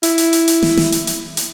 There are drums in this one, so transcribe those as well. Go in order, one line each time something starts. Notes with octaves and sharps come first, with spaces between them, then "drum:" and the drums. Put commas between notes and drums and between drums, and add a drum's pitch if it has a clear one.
E4, drum: hi-hat
drum: hi-hat
drum: hi-hat
drum: hi-hat
drum: snare
drum: snare
drum: hi-hat
drum: hi-hat
drum: hi-hat